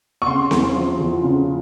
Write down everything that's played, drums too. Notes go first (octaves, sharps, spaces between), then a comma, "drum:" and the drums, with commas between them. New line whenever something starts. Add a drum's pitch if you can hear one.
C#6
C#3 C6
E2, drum: snare C4
F3
E2
C#3